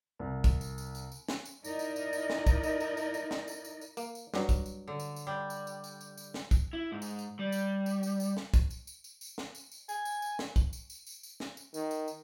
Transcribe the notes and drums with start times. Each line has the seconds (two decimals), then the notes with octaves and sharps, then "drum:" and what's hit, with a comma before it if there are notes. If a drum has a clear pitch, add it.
0.19 C2
0.44 drum: kick, tambourine
0.61 drum: tambourine
0.78 drum: tambourine
0.95 drum: tambourine
1.12 drum: tambourine
1.28 drum: snare
1.45 drum: tambourine
1.64 D#4 E4 A#4 D5 D#5, drum: tambourine
1.79 drum: tambourine
1.96 drum: tambourine
2.13 drum: tambourine
2.30 drum: snare
2.47 drum: kick, tambourine
2.63 drum: tambourine
2.80 drum: tambourine
2.97 drum: tambourine
3.14 drum: tambourine
3.31 drum: snare
3.48 drum: tambourine
3.65 drum: tambourine
3.81 drum: tambourine
3.97 A#3, drum: tambourine
4.15 drum: tambourine
4.34 G2 F#3, drum: snare
4.49 drum: kick, tambourine
4.66 drum: tambourine
4.87 D3
4.99 drum: tambourine
5.16 drum: tambourine
5.27 G3
5.50 drum: tambourine
5.67 drum: tambourine
5.84 drum: tambourine
6.01 drum: tambourine
6.17 drum: tambourine
6.34 drum: snare
6.51 drum: kick, tambourine
6.73 E4
6.92 G#2
7.02 drum: tambourine
7.19 drum: tambourine
7.39 G3
7.52 drum: tambourine
7.86 drum: tambourine
8.03 drum: tambourine
8.20 drum: tambourine
8.37 drum: snare
8.54 drum: kick, tambourine
8.70 drum: tambourine
8.87 drum: tambourine
9.04 drum: tambourine
9.21 drum: tambourine
9.38 drum: snare
9.55 drum: tambourine
9.72 drum: tambourine
9.89 G#5, drum: tambourine
10.05 drum: tambourine
10.22 drum: tambourine
10.39 drum: snare
10.56 drum: kick, tambourine
10.73 drum: tambourine
10.90 drum: tambourine
11.06 drum: tambourine
11.23 drum: tambourine
11.40 drum: snare
11.57 drum: tambourine
11.74 D#3, drum: tambourine
11.91 drum: tambourine
12.08 drum: tambourine